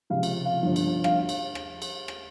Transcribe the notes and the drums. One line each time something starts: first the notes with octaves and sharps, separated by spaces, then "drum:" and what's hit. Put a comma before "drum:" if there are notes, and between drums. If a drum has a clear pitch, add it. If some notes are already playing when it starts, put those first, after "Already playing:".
C#2 C3 F3 F5
drum: cymbal
F5
G1 G2 F3
drum: cymbal
F5, drum: rim click
drum: cymbal
drum: rim click
drum: cymbal
drum: rim click